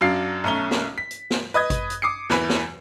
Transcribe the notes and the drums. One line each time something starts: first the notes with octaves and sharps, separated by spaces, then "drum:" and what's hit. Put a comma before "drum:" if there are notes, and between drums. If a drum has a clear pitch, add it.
F#2 F#3 D4 F5 C7
B1 A3 C#4 A#5 G7
drum: snare
B6
drum: hi-hat
drum: snare
B4 D#5 D#6 G#6
drum: kick G#1, hi-hat
drum: hi-hat
D6 D#6 C7 C#7
E2 E3 B4, drum: snare
drum: snare